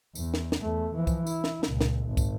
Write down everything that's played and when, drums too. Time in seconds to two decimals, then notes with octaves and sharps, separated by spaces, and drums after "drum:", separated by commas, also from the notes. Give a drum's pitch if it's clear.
0.15 E2, drum: tambourine
0.34 drum: snare
0.52 drum: snare
0.61 E2 A3
0.96 E3 F3
1.07 drum: kick, tambourine
1.27 E4, drum: tambourine
1.44 drum: snare
1.63 C#2 A#2, drum: snare
1.81 drum: snare
2.07 G#1
2.17 drum: kick, tambourine